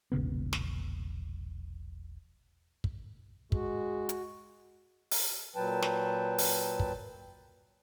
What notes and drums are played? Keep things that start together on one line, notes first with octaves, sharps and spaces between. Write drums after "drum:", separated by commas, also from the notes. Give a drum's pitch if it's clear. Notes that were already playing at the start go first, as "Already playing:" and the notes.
E1 A#1 C#3 B3
drum: snare
drum: kick
G#3 F#4, drum: kick
drum: hi-hat
drum: open hi-hat
A#2 F#3 B4 G5 A5
drum: snare
drum: open hi-hat
drum: kick